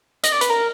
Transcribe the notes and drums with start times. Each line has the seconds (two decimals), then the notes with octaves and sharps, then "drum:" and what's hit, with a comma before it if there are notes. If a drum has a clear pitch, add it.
0.23 D#5, drum: hi-hat
0.32 D5
0.41 B4, drum: hi-hat
0.50 A#4